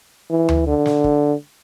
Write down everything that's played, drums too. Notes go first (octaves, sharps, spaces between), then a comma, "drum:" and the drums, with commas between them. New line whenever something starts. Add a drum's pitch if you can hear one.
E3
drum: tom D2
D3
drum: snare
drum: kick